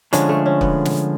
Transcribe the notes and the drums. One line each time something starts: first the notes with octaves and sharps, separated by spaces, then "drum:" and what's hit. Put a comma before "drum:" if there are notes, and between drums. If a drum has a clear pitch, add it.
D3 F3 G#3 C#4 D4, drum: hi-hat
A3
C#4
B3, drum: kick
drum: snare